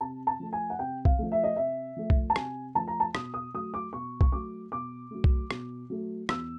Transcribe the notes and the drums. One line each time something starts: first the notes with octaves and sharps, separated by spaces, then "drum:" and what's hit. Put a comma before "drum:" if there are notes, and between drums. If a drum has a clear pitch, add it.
C3 A5
A5
F3 A3
G#5
F#5
C3 G5
F5, drum: kick B1
F3 A3
E5
D#5
C3 E5
F3 A3
drum: kick B1
A5
C3 G#5, drum: rim click
F3 A3 A5
A#5
A5
B2 D#6, drum: rim click
D#6
F#3 A3 D#6
D6
B2 C#6
C#6, drum: kick B1
F#3 A3 D6
B2 D6
F#3 A3
drum: kick B1
B2, drum: rim click
F#3 A3
E2 E6, drum: rim click